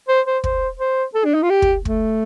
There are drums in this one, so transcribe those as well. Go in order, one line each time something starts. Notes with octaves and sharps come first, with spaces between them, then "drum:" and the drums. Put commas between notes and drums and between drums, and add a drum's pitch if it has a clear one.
C5
C5
C5, drum: kick
C5
A4
D4
D#4
F4
G4
drum: kick
A3, drum: kick